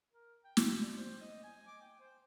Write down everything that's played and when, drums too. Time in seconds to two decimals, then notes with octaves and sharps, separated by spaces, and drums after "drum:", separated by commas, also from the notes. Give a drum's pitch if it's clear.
0.12 A#4
0.44 G5
0.57 drum: snare
0.82 D5
0.97 C5
1.21 D#5
1.43 G#5
1.67 D6
1.81 G5
2.00 C5